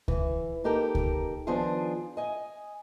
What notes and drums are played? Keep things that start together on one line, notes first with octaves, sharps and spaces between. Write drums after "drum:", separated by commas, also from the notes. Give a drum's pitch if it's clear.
E3, drum: kick C#2
A#3 D#4 G4 A4 A#4
drum: kick C#2
D#3 F3 B3 D4 F4 G#4
D#5 G#5